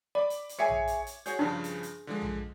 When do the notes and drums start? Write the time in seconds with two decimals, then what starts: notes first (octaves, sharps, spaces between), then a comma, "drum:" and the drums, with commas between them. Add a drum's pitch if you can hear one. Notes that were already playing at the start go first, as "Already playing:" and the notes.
0.15 D5 B5 D6
0.30 drum: hi-hat
0.49 drum: hi-hat
0.59 G#4 C#5 E5 G#5 G#6 C#7
0.68 drum: tom A#1
0.88 drum: hi-hat
1.07 drum: hi-hat
1.26 F#4 G#4 C#5 G6, drum: hi-hat
1.39 G2 C#3 F3 D4
1.64 drum: hi-hat
1.83 drum: hi-hat
2.07 D3 F3 G#3
2.21 drum: tom A#1